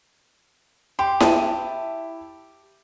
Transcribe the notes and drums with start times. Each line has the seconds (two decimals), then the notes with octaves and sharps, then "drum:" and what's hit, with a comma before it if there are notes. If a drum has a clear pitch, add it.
0.99 G4 C6
1.20 E4 A5 D#7, drum: snare E4